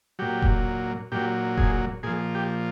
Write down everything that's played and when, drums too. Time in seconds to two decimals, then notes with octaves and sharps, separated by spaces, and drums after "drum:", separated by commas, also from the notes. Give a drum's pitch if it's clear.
0.19 A#2 F#3 G4
0.42 drum: kick E1
1.12 A#2 F#3 G4
1.58 G#4, drum: kick E1
2.03 A#2 F3 G#4
2.35 G4